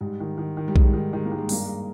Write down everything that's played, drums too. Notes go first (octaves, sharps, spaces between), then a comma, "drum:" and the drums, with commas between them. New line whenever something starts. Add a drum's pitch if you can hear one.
G#2 G3
D#3
D#3
D#3
G3
G#2 G#3, drum: kick B1
D#3
D#3 G#3
A#3
D#3
G#3
G2 A#3, drum: open hi-hat
G#3